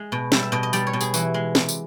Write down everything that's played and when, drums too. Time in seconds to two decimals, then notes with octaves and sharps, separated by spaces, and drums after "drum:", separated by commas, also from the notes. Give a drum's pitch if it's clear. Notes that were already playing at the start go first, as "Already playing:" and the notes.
Already playing: G#3
0.12 B2
0.32 G3 E5, drum: snare
0.43 E5
0.52 B2 D#5
0.63 D#5
0.73 G3 D5, drum: tambourine
0.87 C#5
0.93 B2
1.01 G#4, drum: tambourine
1.14 E3 F#4, drum: tambourine
1.34 G#3
1.55 C3, drum: snare
1.69 drum: tambourine